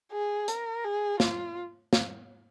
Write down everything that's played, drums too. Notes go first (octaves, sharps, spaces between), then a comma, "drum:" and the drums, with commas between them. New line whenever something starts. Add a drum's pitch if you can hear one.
G#4
A#4, drum: hi-hat
G#4
F4, drum: snare
drum: snare